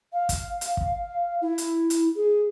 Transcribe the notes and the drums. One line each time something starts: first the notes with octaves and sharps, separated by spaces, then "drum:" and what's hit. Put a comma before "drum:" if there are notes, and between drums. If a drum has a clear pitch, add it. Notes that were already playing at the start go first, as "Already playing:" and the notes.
F5
drum: kick, hi-hat
drum: hi-hat
drum: kick
E4
drum: hi-hat
drum: hi-hat
G#4